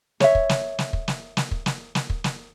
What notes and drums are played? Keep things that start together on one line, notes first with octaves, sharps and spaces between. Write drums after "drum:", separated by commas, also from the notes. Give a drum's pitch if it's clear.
C#5 E5, drum: snare
drum: kick
drum: snare
drum: snare
drum: kick
drum: snare
drum: snare
drum: kick
drum: snare
drum: snare
drum: kick
drum: snare